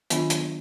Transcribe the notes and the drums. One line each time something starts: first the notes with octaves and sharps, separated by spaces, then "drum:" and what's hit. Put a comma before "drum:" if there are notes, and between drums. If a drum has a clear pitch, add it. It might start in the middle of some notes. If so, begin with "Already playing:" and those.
D#3 F#3 B3 D4 F4, drum: hi-hat
drum: hi-hat